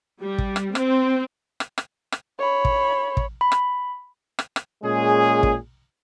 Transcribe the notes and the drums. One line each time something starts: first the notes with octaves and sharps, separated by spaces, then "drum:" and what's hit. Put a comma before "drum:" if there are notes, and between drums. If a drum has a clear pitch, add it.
G3
drum: kick
drum: rim click
C4, drum: rim click
drum: rim click
drum: rim click
drum: rim click
C#5 B5
drum: kick
drum: kick
B5
drum: rim click
drum: rim click
drum: rim click
A#2 G#3 C#4 G#4
drum: kick